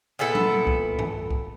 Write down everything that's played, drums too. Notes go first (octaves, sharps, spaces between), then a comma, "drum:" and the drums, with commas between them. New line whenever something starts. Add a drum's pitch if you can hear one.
A#2 B3 E4 A4
drum: tom F#3
drum: kick C2
drum: tom G2
drum: kick C2